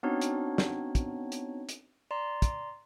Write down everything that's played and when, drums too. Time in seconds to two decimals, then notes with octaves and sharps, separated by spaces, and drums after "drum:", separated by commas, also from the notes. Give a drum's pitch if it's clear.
0.03 B3 C4 D4 D#4 F#4 C#5
0.21 drum: hi-hat
0.58 drum: snare
0.95 drum: kick, hi-hat
1.32 drum: hi-hat
1.69 drum: hi-hat
2.11 D5 A#5 C6
2.42 drum: kick, hi-hat